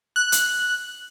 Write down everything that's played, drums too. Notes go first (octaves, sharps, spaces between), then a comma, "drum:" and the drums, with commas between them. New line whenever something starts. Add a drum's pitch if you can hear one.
F#6
drum: hi-hat